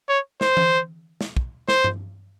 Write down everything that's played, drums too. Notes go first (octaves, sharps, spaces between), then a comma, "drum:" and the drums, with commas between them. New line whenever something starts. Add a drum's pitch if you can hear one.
C#5
C5, drum: snare
drum: tom E3
drum: snare
drum: kick
C5, drum: snare
drum: tom G2